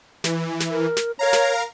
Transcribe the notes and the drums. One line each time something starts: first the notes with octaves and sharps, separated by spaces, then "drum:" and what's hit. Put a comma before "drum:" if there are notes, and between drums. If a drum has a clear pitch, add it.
E3, drum: snare
drum: snare
A#4
drum: snare
A#4 C#5 F5 A#5
drum: snare